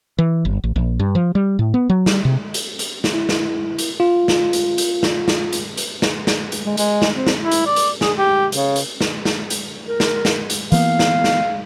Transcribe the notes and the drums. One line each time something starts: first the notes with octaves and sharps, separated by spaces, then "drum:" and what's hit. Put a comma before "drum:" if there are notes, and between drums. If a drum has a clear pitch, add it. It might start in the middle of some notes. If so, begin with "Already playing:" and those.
E3
G1
A1
A#1
G2
F3
G3
A2
B3
F#3
G3, drum: snare
C3
drum: hi-hat
drum: hi-hat
drum: snare
E4
drum: snare
drum: hi-hat
F4
drum: snare
drum: hi-hat
drum: hi-hat
drum: snare
drum: snare
drum: hi-hat
drum: hi-hat
drum: snare
drum: snare
drum: hi-hat
G#3
G#3, drum: hi-hat
drum: snare
C4
drum: snare
E4
drum: hi-hat
D5
drum: hi-hat
G#4, drum: snare
G4
C#3, drum: hi-hat
drum: hi-hat
drum: snare
drum: snare
drum: hi-hat
A#4
drum: snare
drum: snare
drum: hi-hat
E3 A#3 B3 F5, drum: hi-hat
drum: snare
drum: snare